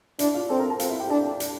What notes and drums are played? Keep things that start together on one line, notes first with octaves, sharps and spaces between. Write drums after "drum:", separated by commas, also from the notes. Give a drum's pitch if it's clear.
D4 E4 E5, drum: hi-hat
F4 F5
C4 A4 A5
A#4 A#5
A4 A5
C4 F4 F5, drum: hi-hat
E4 E5
G4 G5
D4 A4 A5
drum: hi-hat